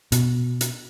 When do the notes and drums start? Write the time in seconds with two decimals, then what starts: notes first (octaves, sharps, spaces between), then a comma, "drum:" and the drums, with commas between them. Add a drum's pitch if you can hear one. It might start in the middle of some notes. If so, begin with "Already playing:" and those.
0.12 B2, drum: hi-hat
0.61 drum: hi-hat